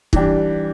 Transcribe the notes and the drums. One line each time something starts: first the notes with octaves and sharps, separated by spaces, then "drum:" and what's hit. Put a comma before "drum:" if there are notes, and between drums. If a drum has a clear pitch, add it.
E3 G3 D4 G4, drum: kick